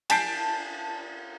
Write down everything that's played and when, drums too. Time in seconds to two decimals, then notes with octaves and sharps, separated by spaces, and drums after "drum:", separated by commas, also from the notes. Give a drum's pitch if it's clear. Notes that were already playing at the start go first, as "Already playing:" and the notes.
0.10 G#5 A5 G6 B6 C7 D7, drum: cymbal